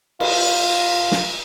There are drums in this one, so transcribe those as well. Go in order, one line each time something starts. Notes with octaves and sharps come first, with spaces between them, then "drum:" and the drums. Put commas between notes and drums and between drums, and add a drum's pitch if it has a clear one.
F4, drum: cymbal
drum: snare